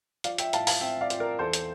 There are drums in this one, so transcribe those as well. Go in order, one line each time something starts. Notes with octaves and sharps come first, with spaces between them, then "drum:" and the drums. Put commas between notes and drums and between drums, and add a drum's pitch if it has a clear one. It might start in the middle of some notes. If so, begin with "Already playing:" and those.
F3 D5 F5, drum: hi-hat
E5 G5, drum: hi-hat
A2 F5 A5, drum: hi-hat
F5 A5, drum: open hi-hat
C4 E5 G5
D5 F5
F4, drum: hi-hat
A#4 D5
E2 A4 C5
drum: hi-hat